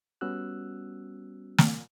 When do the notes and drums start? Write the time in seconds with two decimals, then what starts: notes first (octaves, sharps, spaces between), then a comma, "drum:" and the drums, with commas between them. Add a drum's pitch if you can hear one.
0.21 G3 B3 C#4 F#4 E6 F#6
1.58 drum: snare